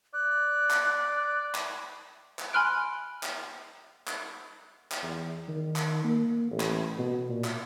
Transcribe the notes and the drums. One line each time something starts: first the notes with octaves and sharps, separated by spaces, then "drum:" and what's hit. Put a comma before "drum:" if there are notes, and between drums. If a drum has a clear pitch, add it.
D5 F#6
drum: clap
drum: clap
drum: clap
G#5 B5 C6 F6 F#6 D7
drum: clap
drum: clap
drum: clap
E2
D#3
drum: clap
A#3
A1
drum: clap
B2
A#2
drum: clap